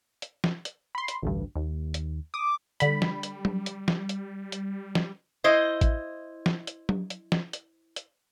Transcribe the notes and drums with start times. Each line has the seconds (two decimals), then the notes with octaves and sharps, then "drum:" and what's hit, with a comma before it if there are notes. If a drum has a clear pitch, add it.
0.22 drum: hi-hat
0.44 drum: snare
0.65 drum: hi-hat
0.95 B5 C6
1.08 drum: hi-hat
1.22 A1 D2 G2
1.55 D#2
1.94 drum: hi-hat
2.34 D6 D#6
2.80 D3 G3 B5, drum: hi-hat
3.02 drum: snare
3.23 drum: hi-hat
3.45 drum: tom F#3
3.66 drum: hi-hat
3.88 drum: snare
4.09 drum: hi-hat
4.52 drum: hi-hat
4.95 drum: snare
5.44 E4 C5 D#5
5.81 drum: kick A1, hi-hat
6.46 drum: snare
6.67 drum: hi-hat
6.89 drum: tom F#3
7.10 drum: hi-hat
7.32 drum: snare
7.53 drum: hi-hat
7.96 drum: hi-hat